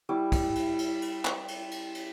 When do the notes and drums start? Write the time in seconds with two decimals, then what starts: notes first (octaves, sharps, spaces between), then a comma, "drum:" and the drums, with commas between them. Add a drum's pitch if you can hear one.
0.09 G3 E4 D5
0.32 drum: kick, cymbal
0.55 drum: cymbal
0.79 drum: cymbal
1.02 drum: cymbal
1.25 drum: clap
1.48 drum: cymbal
1.71 drum: cymbal
1.95 drum: cymbal